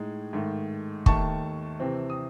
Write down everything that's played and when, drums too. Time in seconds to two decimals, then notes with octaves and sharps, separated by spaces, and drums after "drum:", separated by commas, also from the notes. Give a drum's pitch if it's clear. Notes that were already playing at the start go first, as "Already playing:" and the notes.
Already playing: A2 G#3 D#4
0.33 G#2 D#3 A3
1.06 D#2 D#3 A3 A5 C#6, drum: kick
1.80 C3 E3 C4
2.10 D#6